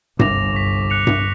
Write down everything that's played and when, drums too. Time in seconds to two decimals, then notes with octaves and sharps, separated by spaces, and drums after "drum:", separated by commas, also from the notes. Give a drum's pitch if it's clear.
0.19 G1 C2 D6 A#6 F7, drum: tom G2
0.54 C#6 B6
0.90 F#6 C#7 F7
1.07 drum: tom G2